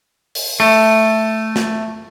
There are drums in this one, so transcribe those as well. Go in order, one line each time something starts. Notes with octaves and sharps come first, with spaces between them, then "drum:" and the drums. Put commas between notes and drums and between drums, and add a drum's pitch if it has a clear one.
drum: open hi-hat
A3
drum: snare